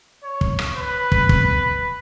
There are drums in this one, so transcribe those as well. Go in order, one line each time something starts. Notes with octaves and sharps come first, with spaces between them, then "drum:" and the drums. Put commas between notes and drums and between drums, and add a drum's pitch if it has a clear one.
C#5
drum: kick
drum: rim click
B4
drum: kick
drum: kick